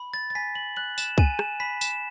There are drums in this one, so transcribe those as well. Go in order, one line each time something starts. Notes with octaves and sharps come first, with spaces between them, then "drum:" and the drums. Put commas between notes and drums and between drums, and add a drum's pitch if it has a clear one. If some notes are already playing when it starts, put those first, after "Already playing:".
Already playing: B5
A6
A6
G#5 B6
F#7
F#6 F#7
E7, drum: tambourine
G#5 D#7, drum: kick
E7, drum: rim click
B5 B6
E7, drum: tambourine